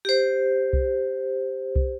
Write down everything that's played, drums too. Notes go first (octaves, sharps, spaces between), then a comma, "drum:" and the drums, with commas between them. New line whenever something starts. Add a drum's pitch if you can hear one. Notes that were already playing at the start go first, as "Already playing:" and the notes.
G4 C5
drum: kick C2
drum: kick C2